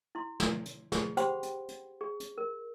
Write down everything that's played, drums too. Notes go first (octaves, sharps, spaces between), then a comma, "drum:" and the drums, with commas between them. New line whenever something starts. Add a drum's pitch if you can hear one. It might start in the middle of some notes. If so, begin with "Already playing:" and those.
E4 C6
drum: snare
drum: hi-hat
G#4, drum: snare
G4 C5 F#5 G5 B5 C6, drum: hi-hat
drum: hi-hat
drum: hi-hat
G#4
drum: hi-hat
A#4